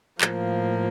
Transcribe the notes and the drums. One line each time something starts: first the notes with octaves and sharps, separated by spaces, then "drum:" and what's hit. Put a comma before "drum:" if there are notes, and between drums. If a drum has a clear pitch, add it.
A2 F3 A#3, drum: clap